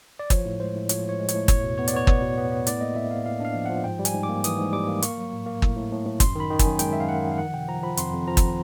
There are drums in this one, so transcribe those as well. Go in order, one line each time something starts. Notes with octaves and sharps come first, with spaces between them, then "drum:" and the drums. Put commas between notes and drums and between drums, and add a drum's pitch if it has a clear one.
D5
F3 C#5, drum: kick, hi-hat
A2
G#3 C5
A2
F3 C#5, drum: hi-hat
A2 C#5
G#3
C#5, drum: hi-hat
A2
E2 C#5, drum: kick, hi-hat
B2
B3 C#5
D5, drum: hi-hat
B3 C#5
B3, drum: kick
B2
B3
B3
A2 D5, drum: hi-hat
A#3 D#5
A2 E5
A#3 F5
A2 F5
D4 F5
F3
F3 F#5
G#2 G5
G3
G#5, drum: hi-hat
G#2
D6
A#3
E3 D#6, drum: hi-hat
G#2
G3 D6
A#3
A#3 C#6, drum: hi-hat
F#3
A2
A#3
A2, drum: kick
A2
A2
A2
F#2 C6, drum: kick, hi-hat
D#3 B5
D#3
G#5, drum: kick, hi-hat
F#2
G#3 G5, drum: hi-hat
F#2 E5
F5
F#2 F#5
D#3
F5
F3 F#5
C3 G5
F3 A#5
F3 B5
F2 C6, drum: hi-hat
F2
F3 A#5
drum: kick, hi-hat